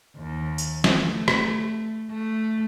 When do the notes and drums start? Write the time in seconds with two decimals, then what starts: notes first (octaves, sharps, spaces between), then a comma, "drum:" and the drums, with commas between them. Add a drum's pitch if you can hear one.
0.18 D#2
0.58 drum: tambourine
0.84 drum: snare
0.94 A3
1.28 drum: rim click
2.11 A3